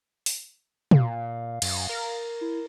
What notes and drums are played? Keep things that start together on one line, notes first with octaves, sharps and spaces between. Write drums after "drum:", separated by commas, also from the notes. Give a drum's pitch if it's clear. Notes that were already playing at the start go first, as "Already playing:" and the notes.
drum: open hi-hat
A#2 F5, drum: tom
F#2, drum: cymbal
A#4
E4